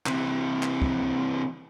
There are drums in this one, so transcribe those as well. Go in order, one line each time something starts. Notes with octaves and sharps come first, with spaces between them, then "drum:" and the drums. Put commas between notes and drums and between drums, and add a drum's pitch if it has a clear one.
C3 E3, drum: clap
drum: clap
drum: kick